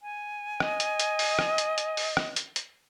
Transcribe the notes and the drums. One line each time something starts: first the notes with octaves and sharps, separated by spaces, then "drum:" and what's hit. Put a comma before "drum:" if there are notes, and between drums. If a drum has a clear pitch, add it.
G#5
D#5, drum: rim click
drum: hi-hat
drum: hi-hat
drum: open hi-hat
drum: rim click
drum: hi-hat
drum: hi-hat
drum: open hi-hat
drum: rim click
drum: hi-hat
drum: hi-hat